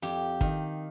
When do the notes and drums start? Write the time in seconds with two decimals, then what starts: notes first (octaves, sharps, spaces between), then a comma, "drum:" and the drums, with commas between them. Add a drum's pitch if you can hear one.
0.02 F2 G4
0.41 D#3, drum: kick